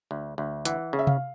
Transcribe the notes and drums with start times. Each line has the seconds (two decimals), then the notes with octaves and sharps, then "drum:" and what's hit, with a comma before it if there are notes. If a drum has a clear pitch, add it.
0.11 D2
0.38 D2
0.65 E3 F#5, drum: hi-hat
0.93 C#3
0.99 E5
1.07 F5, drum: tom C3